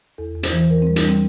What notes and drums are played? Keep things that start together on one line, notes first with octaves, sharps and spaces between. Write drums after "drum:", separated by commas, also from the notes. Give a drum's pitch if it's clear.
E2 A4
E2
C5, drum: hi-hat
E3
E2 A#4
C4
G3
D4, drum: hi-hat
G3 C4